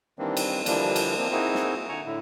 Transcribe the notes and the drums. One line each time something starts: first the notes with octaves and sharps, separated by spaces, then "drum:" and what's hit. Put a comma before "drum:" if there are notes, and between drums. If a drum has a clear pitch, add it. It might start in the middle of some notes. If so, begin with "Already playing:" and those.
D#3 E3 G3 A#3 C4 D4
drum: cymbal
D3 E3 F3 G3 A#3 D4, drum: cymbal
drum: cymbal
F3 A#3 C4
A#3 C4 D#4 E4 F#4 G#4
drum: snare
D3 G#5 A#5 C#6
A2 D3 E4